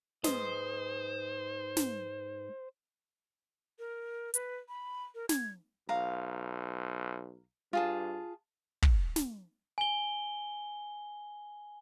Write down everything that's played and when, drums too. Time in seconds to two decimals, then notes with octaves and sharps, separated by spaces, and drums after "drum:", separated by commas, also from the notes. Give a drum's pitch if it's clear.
0.24 G#2 B4 C5 D#5, drum: snare
1.77 drum: snare
3.79 A#4
4.34 B4, drum: hi-hat
4.69 B5
5.15 A#4
5.29 G#6, drum: snare
5.89 B1 F5 A#5
7.73 G2 F4 G#4 A5
8.82 drum: kick
9.16 drum: snare
9.78 G#5 G7